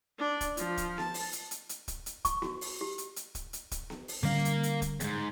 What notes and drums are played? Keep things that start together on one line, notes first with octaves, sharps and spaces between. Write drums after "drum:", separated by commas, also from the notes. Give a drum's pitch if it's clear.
D4 D5
drum: kick, hi-hat
F3, drum: hi-hat
drum: kick, hi-hat
A5, drum: snare B3
drum: open hi-hat
drum: hi-hat
drum: hi-hat
drum: hi-hat
drum: kick, hi-hat
drum: hi-hat
C#6, drum: kick, hi-hat
F#4, drum: snare B3
drum: open hi-hat
G4
drum: hi-hat
drum: hi-hat
drum: kick, hi-hat
drum: hi-hat
drum: kick, hi-hat
drum: snare B3
drum: open hi-hat
D3 G3 A#3 C#4 F5
drum: hi-hat
drum: hi-hat
drum: kick, hi-hat
E2 G#2, drum: hi-hat